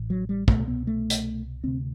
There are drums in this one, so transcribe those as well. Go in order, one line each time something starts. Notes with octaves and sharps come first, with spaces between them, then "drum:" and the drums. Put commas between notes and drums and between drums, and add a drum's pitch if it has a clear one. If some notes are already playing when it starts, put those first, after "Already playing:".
Already playing: A1 A2
F#3
G3
C2 B2 A3, drum: kick
B3
A3
drum: hi-hat
D2 C3 C4